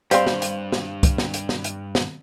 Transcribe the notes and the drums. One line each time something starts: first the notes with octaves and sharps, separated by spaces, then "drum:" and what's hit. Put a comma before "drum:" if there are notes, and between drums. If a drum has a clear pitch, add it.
G2 G3 C4 C5 F5, drum: hi-hat
drum: snare
drum: hi-hat
drum: snare
drum: kick, hi-hat
drum: snare
drum: hi-hat
drum: snare
drum: hi-hat
drum: snare